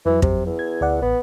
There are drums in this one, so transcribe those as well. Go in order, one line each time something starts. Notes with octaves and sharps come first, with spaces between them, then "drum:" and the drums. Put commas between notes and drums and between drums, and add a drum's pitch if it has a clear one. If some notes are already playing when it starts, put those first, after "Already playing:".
F2 E3 F#3
C3, drum: kick
E2
G#6
D2 D5 F#5
A1 B3